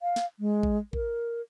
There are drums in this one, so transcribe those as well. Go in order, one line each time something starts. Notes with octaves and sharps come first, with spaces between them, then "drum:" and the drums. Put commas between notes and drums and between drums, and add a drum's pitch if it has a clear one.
F5
drum: snare
G#3
drum: kick A1
A#4, drum: kick A1